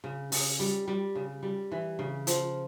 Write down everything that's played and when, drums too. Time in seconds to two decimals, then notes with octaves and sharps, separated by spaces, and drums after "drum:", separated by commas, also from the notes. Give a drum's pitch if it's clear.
0.04 C#3
0.32 C#3, drum: open hi-hat
0.59 G3
0.88 G3
1.15 C#3
1.43 G3
1.72 E3
1.99 C#3
2.27 F3, drum: hi-hat